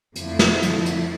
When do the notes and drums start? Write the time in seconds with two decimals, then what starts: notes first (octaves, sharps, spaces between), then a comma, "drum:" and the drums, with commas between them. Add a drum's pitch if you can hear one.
0.16 F2 D3 F3 A3 E4, drum: hi-hat
0.39 drum: snare
0.63 drum: hi-hat
0.86 drum: hi-hat